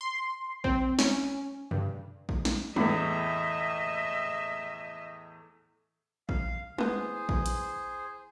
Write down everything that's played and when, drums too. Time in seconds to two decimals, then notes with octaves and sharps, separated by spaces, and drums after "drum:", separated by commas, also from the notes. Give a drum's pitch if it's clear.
0.01 C6
0.64 C4, drum: kick A#1
0.99 C#4, drum: snare
1.71 G2, drum: tom B2
2.29 drum: kick A#1
2.45 drum: snare
2.76 E2 A2 D#5 E5, drum: tom G3
6.29 F5, drum: kick A#1
6.78 E3 B3 G#4 C5 G#5, drum: tom G3
7.29 drum: kick A#1
7.46 drum: hi-hat